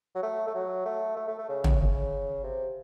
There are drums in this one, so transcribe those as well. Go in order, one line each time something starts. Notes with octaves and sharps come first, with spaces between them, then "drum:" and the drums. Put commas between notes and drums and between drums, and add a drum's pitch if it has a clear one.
F#3
A3
A3
F#3
A3
A3
A3
A3
C#3
drum: tom
C#3
C3